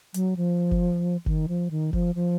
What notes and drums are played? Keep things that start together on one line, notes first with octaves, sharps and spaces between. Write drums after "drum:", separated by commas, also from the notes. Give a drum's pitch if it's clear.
F#3, drum: hi-hat
F3
drum: kick F#1
D#3, drum: kick F#1
F3
D#3
F3, drum: kick F#1
F3